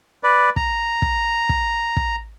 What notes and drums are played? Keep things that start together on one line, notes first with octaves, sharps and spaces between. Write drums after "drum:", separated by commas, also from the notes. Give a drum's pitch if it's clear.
B4 D5
A#5, drum: kick
drum: kick
drum: kick
drum: kick